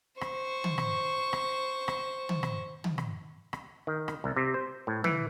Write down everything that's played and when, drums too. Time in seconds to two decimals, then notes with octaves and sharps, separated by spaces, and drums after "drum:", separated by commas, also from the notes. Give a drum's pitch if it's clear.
0.21 C5 C#6, drum: rim click
0.64 drum: tom
0.78 drum: rim click
1.33 drum: rim click
1.88 drum: rim click
2.29 drum: tom
2.43 drum: rim click
2.84 drum: tom
2.98 drum: rim click
3.53 drum: rim click
3.87 D#3
4.08 drum: rim click
4.24 C2
4.36 C3
4.54 C5
4.87 A2
5.04 E3, drum: tom